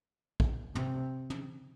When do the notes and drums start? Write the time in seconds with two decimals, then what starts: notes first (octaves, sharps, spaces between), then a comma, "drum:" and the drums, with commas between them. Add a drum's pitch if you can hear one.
0.40 drum: kick
0.75 C3, drum: tom
1.30 drum: tom